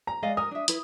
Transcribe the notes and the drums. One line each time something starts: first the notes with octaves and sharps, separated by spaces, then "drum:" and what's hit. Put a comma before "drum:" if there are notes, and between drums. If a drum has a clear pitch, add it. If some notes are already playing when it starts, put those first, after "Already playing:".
A#5
G#3 D5 D#5 F5
A#4 D#6
D4 E5
E4 B4, drum: hi-hat